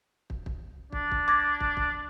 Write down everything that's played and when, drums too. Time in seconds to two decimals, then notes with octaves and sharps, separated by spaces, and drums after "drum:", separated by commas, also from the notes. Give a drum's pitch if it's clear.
0.30 drum: kick
0.46 drum: kick
0.92 D4, drum: kick
1.12 drum: kick
1.28 D6 G#6 A#6
1.61 drum: kick
1.77 drum: kick